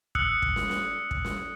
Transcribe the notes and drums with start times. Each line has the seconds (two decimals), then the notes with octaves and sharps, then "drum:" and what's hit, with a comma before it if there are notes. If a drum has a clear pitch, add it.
0.15 D#6 E6 F#6 C#7, drum: kick
0.42 drum: kick
0.56 drum: snare
0.70 drum: snare
1.11 drum: kick
1.25 drum: snare